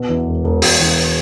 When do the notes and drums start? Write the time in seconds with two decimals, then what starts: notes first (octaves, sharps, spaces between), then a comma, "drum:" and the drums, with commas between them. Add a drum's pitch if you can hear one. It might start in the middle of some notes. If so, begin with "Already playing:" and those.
Already playing: B2
0.09 E2
0.26 E1
0.44 E1
0.62 E1, drum: open hi-hat
0.80 E2